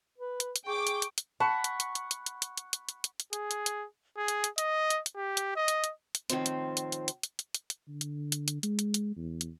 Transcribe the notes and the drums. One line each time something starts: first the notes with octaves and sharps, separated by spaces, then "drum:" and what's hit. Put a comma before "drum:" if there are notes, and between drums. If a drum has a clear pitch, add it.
B4
drum: hi-hat
drum: hi-hat
G#4 G5 C#6 D6
drum: hi-hat
drum: hi-hat
drum: hi-hat
F#5 A5 B5 C#6
drum: hi-hat
drum: hi-hat
drum: hi-hat
drum: hi-hat
drum: hi-hat
drum: hi-hat
drum: hi-hat
drum: hi-hat
drum: hi-hat
drum: hi-hat
drum: hi-hat
G#4, drum: hi-hat
drum: hi-hat
drum: hi-hat
G#4
drum: hi-hat
drum: hi-hat
D#5, drum: hi-hat
drum: hi-hat
drum: hi-hat
G4
drum: hi-hat
D#5
drum: hi-hat
drum: hi-hat
drum: hi-hat
A2 D#3 F3 C4, drum: hi-hat
drum: hi-hat
drum: hi-hat
drum: hi-hat
drum: hi-hat
drum: hi-hat
drum: hi-hat
drum: hi-hat
drum: hi-hat
D3
drum: hi-hat
drum: hi-hat
drum: hi-hat
G#3, drum: hi-hat
drum: hi-hat
drum: hi-hat
E2
drum: hi-hat